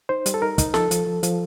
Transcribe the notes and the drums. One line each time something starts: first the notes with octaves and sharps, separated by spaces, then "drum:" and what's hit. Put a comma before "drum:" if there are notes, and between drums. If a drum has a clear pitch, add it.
D#4 C5
G3, drum: hi-hat
A4
D#4 A#4
D#4, drum: kick, hi-hat
F3 A4, drum: snare
F3, drum: hi-hat
F3
F3, drum: hi-hat